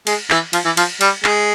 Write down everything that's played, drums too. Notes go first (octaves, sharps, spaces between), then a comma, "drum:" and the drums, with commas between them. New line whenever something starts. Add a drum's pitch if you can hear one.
G#3, drum: cymbal
E3, drum: clap
F3, drum: cymbal
E3
F3, drum: cymbal
G3, drum: cymbal
G#3, drum: clap